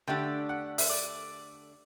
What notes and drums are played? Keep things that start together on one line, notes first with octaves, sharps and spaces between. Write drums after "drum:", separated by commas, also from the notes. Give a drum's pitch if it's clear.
D3 A3 D4 G4 G5
F#5
E5, drum: open hi-hat
D5